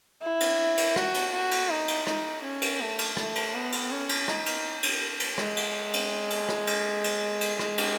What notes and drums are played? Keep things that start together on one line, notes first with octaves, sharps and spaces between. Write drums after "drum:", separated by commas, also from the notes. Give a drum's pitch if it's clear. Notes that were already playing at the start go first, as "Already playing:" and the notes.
E4
drum: cymbal
drum: cymbal
F#4, drum: rim click
drum: cymbal
F#4
drum: cymbal
D#4
drum: cymbal
D#4, drum: rim click
C#4
drum: cymbal
A3
drum: cymbal
A3, drum: rim click
drum: cymbal
B3
drum: cymbal
C#4
drum: cymbal
D#4, drum: rim click
drum: cymbal
drum: cymbal
drum: cymbal
G#3, drum: rim click
drum: cymbal
drum: cymbal
drum: cymbal
drum: rim click
drum: cymbal
drum: cymbal
drum: cymbal
G#3, drum: rim click
drum: cymbal